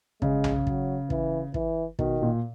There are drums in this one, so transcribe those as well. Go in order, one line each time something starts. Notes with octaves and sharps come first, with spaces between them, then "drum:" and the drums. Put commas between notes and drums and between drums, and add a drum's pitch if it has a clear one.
C#3 G#3, drum: kick
drum: tom B1
F#3, drum: kick
E3, drum: kick
E3, drum: kick
B2 D#3, drum: kick
A#2